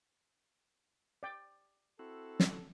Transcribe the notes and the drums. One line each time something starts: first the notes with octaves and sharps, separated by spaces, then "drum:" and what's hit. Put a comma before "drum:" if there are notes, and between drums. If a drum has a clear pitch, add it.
D5 G5
C4 E4 F#4 A4
drum: snare